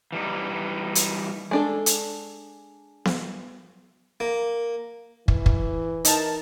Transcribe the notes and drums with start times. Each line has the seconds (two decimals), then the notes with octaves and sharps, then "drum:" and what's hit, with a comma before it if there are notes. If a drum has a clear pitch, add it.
0.12 E3 G3 D#4
0.95 drum: hi-hat
1.51 G#3 D4 A4
1.86 drum: hi-hat
3.05 drum: snare B3
4.20 A#3
5.28 E3, drum: kick
5.46 drum: kick
6.05 D#4 A#4 A5, drum: hi-hat